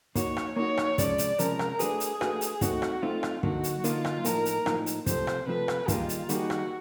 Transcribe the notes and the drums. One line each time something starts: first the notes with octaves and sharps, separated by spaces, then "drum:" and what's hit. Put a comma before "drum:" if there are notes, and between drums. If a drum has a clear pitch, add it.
A#3 D#4 F#4 C#5, drum: kick, hi-hat
drum: rim click
A#3 D#4 F#4 C#5
drum: rim click
C3 F3 G#3 C#4 D5, drum: kick, hi-hat
drum: hi-hat
C3 F3 G#3 C#4 A#4, drum: hi-hat
drum: rim click
A3 D4 F#4 G#4 B4, drum: hi-hat
drum: hi-hat
A3 D4 F#4 B4, drum: rim click
drum: hi-hat
A3 C4 D#4 F#4, drum: kick, hi-hat
drum: rim click
A3 C4 D#4 F4
drum: rim click
D3 F#3 A#3 D#4 F#4, drum: kick
drum: hi-hat
D3 F#3 A#3 D#4 F4, drum: hi-hat
drum: rim click
A2 F3 A#3 D#4 A#4, drum: hi-hat
drum: hi-hat
A2 F3 A#3 D#4, drum: rim click
drum: hi-hat
C3 F3 A3 C5, drum: kick, hi-hat
drum: rim click
C3 F3 A3 B4
drum: rim click
D#3 G3 A#3 D#4 F4 G#4, drum: kick, hi-hat
drum: hi-hat
D#3 G3 A#3 D#4 F#4 G#4, drum: hi-hat
drum: rim click